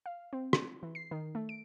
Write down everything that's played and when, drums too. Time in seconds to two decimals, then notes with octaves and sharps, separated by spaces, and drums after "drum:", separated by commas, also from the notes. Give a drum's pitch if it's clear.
0.06 F5
0.33 C4
0.53 drum: rim click
0.83 E3
0.95 C7
1.11 D#3
1.35 A3
1.49 D7